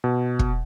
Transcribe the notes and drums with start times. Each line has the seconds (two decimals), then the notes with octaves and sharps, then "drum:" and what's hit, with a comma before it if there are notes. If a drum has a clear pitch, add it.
0.04 B2
0.39 drum: kick